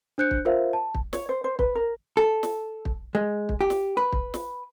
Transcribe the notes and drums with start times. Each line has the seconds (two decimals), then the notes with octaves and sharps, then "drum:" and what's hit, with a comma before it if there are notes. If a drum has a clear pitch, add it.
0.18 D4 C5 F#6 G6 C#7
0.31 drum: kick
0.45 F4 A#4 C5 E5 F5
0.73 A5
0.95 drum: kick
1.13 C#5, drum: snare
1.29 C5
1.44 C5
1.59 B4, drum: kick
1.75 A#4
2.17 A4
2.43 drum: snare
2.85 drum: kick
3.15 G#3
3.49 drum: kick
3.61 G4
3.70 drum: snare
3.97 B4
4.12 drum: kick
4.34 drum: snare